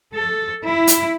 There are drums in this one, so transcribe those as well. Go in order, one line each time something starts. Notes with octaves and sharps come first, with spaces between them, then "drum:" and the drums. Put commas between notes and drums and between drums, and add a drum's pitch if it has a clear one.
A4
E4
drum: hi-hat